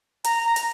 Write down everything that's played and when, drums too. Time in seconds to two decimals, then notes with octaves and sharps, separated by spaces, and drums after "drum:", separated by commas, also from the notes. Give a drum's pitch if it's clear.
0.24 A#5, drum: hi-hat
0.45 A#5
0.56 drum: hi-hat